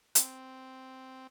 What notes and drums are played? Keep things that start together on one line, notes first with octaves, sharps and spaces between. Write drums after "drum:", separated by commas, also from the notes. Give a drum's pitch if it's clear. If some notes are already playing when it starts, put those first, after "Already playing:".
C4, drum: hi-hat